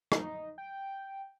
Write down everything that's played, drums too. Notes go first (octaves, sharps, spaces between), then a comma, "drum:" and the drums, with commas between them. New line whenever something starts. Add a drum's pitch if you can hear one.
D#4, drum: rim click
G5